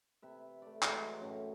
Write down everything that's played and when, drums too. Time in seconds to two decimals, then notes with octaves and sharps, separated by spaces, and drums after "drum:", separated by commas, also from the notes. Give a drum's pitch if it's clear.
0.22 C3 B4 E5
0.62 A3 D5
0.82 E3 F#3 G#3, drum: clap
1.21 F#2 A2 C#4 F#4